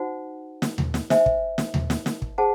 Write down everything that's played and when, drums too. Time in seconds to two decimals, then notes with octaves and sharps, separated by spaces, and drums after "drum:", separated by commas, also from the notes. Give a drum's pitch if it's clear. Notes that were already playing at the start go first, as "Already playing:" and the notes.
Already playing: D#4 F#4 C5 F#5
0.62 drum: snare
0.78 drum: tom D#2
0.94 drum: snare
1.10 C5 E5 G#5, drum: snare
1.26 drum: kick
1.58 drum: snare
1.74 drum: tom D#2
1.90 drum: snare
2.06 drum: snare
2.22 drum: kick
2.38 G#4 C5 F#5 A5